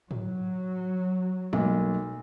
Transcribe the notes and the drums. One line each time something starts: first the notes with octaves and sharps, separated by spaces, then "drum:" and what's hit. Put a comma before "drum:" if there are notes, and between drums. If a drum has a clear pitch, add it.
F#3, drum: tom G#2
B1 A#3, drum: tom G3